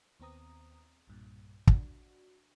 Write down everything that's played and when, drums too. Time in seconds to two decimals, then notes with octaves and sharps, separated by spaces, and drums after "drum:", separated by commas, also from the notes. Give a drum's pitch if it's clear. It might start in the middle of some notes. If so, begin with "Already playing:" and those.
0.20 D#2 B3 C4 A#5 D#6
1.07 B1 G2 A#2
1.67 D4 F#4, drum: kick